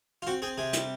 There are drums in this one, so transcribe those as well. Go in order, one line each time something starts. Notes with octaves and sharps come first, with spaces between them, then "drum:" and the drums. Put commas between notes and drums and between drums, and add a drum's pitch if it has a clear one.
F4
C4 F#4
C4 G#4
C3 G#4
G3, drum: hi-hat